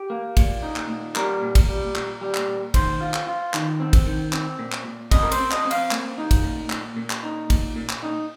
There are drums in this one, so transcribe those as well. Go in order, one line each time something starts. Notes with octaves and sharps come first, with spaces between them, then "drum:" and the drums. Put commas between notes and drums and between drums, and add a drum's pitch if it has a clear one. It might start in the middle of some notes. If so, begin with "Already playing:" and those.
Already playing: G4
A#3
A#2, drum: kick, cymbal
D#4
drum: clap
A#2
G3 A#4, drum: clap
A#2
drum: kick, cymbal
G3
A#2, drum: clap
G3
drum: clap
A#2
D#3 C5, drum: kick, cymbal
F4
drum: clap
F4
D#3, drum: clap
C4
drum: kick, cymbal
D#3
C4, drum: clap
A#2
drum: clap
A#2
C4 D#5, drum: kick, cymbal
A#4
C5, drum: cymbal
C4
D#5, drum: clap
C4
F5, drum: cymbal
A#3, drum: clap
D#4
drum: kick, cymbal
A#2
A#2, drum: clap
A#2
drum: clap
D#4
A#2, drum: kick, cymbal
A#2
drum: clap
D#4